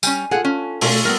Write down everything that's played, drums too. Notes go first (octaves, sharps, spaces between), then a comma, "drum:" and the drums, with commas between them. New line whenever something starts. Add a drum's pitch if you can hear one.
G3 C#4 G#5, drum: tambourine
F4 G#4 A4 F#5
C#4
B2 A3 F4 A4 C#5, drum: open hi-hat
G3 B3 A#4